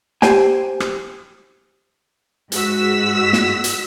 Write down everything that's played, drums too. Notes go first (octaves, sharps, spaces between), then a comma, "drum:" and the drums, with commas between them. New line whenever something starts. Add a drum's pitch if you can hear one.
G4 C5 G5 G#5, drum: snare
drum: rim click
G#2 G#3 F#4 E6 B6, drum: hi-hat
drum: snare
drum: hi-hat